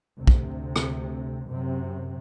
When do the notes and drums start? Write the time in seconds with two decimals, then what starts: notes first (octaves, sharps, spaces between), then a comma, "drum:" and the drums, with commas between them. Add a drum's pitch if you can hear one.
0.18 D2 C3
0.27 drum: kick
0.76 drum: rim click
1.48 F#2 C3